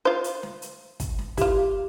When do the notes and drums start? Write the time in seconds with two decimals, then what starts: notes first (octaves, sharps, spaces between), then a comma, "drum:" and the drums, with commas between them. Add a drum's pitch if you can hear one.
0.05 F4 C5
0.24 drum: hi-hat
0.43 drum: snare
0.62 drum: hi-hat
1.00 drum: kick, hi-hat
1.19 drum: snare
1.37 E4 F4 G4, drum: kick, hi-hat